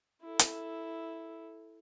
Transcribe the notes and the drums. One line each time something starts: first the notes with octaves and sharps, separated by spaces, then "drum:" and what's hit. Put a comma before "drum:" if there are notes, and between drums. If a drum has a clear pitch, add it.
E4 A4
drum: hi-hat